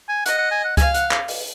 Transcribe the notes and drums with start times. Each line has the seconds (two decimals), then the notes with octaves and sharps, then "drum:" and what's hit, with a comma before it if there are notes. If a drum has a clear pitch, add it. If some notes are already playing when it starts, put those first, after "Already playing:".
0.09 G#5
0.26 D#5 F#5, drum: hi-hat
0.38 F#5
0.51 G#5
0.65 F#5
0.77 F5 G#5, drum: kick C#2, hi-hat
0.94 F#5, drum: hi-hat
1.11 drum: clap
1.28 drum: open hi-hat